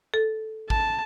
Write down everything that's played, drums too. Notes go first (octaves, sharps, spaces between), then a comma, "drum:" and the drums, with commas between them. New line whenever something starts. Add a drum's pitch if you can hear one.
A4
A5, drum: kick